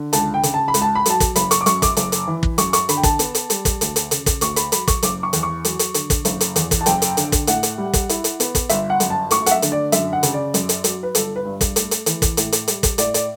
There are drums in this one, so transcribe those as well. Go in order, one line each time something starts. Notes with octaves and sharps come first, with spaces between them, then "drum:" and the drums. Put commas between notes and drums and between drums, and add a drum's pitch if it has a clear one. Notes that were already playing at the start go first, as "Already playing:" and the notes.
Already playing: D3
C#2 A5, drum: hi-hat
G5
C#3, drum: hi-hat
A5
B5
C#2, drum: hi-hat
A5
B5
F#3 A5, drum: hi-hat
drum: kick, hi-hat
F#1 B5, drum: hi-hat
C#6, drum: hi-hat
D6
F#2 C#6, drum: hi-hat
D6, drum: kick, hi-hat
F#1, drum: hi-hat
drum: hi-hat
E3
drum: kick
F#2 C#6, drum: hi-hat
C#6, drum: hi-hat
D3 B5, drum: hi-hat
G5
A5, drum: kick, hi-hat
B3, drum: hi-hat
drum: hi-hat
G3, drum: hi-hat
drum: kick, hi-hat
D2, drum: hi-hat
drum: hi-hat
C#3, drum: hi-hat
drum: kick, hi-hat
D2 C#6, drum: hi-hat
B5, drum: hi-hat
F#3 B5, drum: hi-hat
C#6, drum: kick, hi-hat
F#1 D6, drum: hi-hat
C#6
E2, drum: hi-hat
C#6
F#3, drum: hi-hat
drum: hi-hat
D3, drum: hi-hat
drum: kick, hi-hat
F#1, drum: hi-hat
drum: hi-hat
E2, drum: hi-hat
drum: kick, hi-hat
A5
F#1 G5, drum: hi-hat
drum: hi-hat
D3, drum: hi-hat
drum: kick, hi-hat
A2 F#5, drum: hi-hat
drum: hi-hat
G3
drum: kick, hi-hat
E4, drum: hi-hat
drum: hi-hat
B3, drum: hi-hat
drum: kick, hi-hat
G1 E5, drum: hi-hat
F#5
F#2, drum: hi-hat
A5
A3 C#6, drum: hi-hat
F#5, drum: hi-hat
E5
D3, drum: hi-hat
D5
F#2 E5, drum: hi-hat
F#5
C#3, drum: hi-hat
D5
F#2, drum: hi-hat
drum: hi-hat
F#3, drum: hi-hat
B4
G1 A4, drum: hi-hat
B4
G2
drum: kick, hi-hat
A3, drum: hi-hat
drum: hi-hat
E3, drum: hi-hat
drum: kick, hi-hat
A2, drum: hi-hat
drum: hi-hat
G3, drum: hi-hat
drum: kick, hi-hat
A2 D5, drum: hi-hat
D5, drum: hi-hat